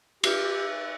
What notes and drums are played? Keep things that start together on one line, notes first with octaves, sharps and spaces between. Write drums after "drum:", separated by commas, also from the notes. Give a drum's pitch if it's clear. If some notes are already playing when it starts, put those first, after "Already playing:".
G4, drum: cymbal